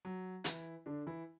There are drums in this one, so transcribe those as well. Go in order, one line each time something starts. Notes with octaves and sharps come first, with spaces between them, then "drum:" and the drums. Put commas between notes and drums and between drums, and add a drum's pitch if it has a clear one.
F#3
E3 E4, drum: hi-hat
D3 D4
E3 E4